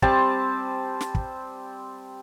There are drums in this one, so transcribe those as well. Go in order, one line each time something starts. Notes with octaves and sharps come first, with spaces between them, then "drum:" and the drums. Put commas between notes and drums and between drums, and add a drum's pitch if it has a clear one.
G3 C4 C5 A5, drum: kick
drum: snare
drum: kick